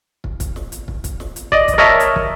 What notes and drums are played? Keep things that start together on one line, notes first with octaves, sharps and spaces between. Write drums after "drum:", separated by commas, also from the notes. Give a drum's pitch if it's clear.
drum: kick
drum: kick, hi-hat
drum: snare
drum: hi-hat
drum: kick
drum: kick, hi-hat
drum: snare
drum: hi-hat
D5 D#5, drum: kick
drum: kick, hi-hat
A#4 C#5 D#5 E5 A5
drum: hi-hat
drum: kick